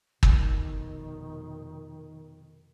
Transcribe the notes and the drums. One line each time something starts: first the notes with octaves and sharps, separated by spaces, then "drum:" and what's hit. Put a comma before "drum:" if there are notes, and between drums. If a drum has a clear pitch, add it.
F1 B2 D#3, drum: kick